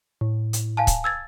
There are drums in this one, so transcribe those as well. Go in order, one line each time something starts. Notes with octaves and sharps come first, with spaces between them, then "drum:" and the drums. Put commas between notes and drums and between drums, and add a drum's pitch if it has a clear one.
A2
drum: hi-hat
F5 G#5 A5
drum: kick C#1, hi-hat
E6 G#6 A6